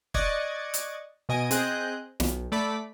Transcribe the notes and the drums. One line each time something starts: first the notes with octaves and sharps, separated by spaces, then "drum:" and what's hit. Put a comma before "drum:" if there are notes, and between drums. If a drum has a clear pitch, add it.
D5 D#5 C#6 F#6 G#6 A6, drum: kick
drum: hi-hat
B2 D#5 G#5 D7
C4 G#4 D#5 F#6 G6, drum: hi-hat
B1, drum: snare
A3 D5 B5